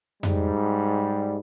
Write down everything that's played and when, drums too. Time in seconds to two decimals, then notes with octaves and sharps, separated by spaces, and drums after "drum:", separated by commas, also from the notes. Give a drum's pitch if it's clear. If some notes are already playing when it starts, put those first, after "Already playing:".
0.23 G#2 G3, drum: tom F2